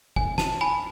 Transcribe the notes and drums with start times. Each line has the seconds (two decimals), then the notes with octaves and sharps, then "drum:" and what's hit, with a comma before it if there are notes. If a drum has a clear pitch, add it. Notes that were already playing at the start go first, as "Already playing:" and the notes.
0.16 G#5, drum: kick F#1
0.38 A5, drum: snare
0.61 G#5 B5